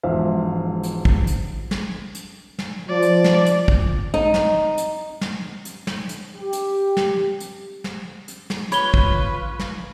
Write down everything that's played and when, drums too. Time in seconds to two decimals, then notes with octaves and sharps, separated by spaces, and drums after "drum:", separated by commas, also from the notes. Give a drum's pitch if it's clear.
0.03 E1 G#2 F3 E5 F5
0.83 drum: hi-hat
1.05 drum: kick
1.27 drum: hi-hat
1.71 drum: snare
2.15 drum: hi-hat
2.59 drum: snare
2.89 F3 D5
3.02 drum: hi-hat
3.24 drum: snare
3.46 drum: hi-hat
3.68 drum: kick
4.14 D#4
4.34 drum: snare
4.78 drum: hi-hat
5.21 drum: snare
5.65 drum: hi-hat
5.87 drum: snare
6.09 drum: hi-hat
6.36 G4
6.53 drum: hi-hat
6.97 drum: snare
7.40 drum: hi-hat
7.84 drum: snare
8.28 drum: hi-hat
8.50 drum: snare
8.72 F4 B4 C#5 B5 G7, drum: hi-hat
8.94 drum: kick
9.59 drum: snare